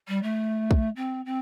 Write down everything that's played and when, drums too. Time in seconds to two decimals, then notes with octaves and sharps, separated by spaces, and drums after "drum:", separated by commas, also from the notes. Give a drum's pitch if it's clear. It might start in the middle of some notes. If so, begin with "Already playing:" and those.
0.08 G3
0.23 A3
0.71 drum: kick
0.96 C4
1.25 C4